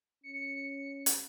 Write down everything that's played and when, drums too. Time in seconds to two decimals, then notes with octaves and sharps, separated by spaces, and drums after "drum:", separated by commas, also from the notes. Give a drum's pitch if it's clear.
0.23 C#4 C#7
1.06 drum: hi-hat